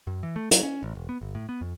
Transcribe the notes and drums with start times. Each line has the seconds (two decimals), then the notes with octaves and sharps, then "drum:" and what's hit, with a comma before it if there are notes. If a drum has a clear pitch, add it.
0.07 F#2
0.23 E3
0.36 A3
0.51 F#3, drum: hi-hat
0.63 C#4
0.83 A1
0.95 E1
1.09 B3
1.21 G1
1.35 A2
1.49 B3
1.61 F2